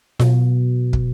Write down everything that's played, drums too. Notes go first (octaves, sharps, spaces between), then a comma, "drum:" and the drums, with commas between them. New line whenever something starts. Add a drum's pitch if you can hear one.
B2, drum: snare F4
drum: kick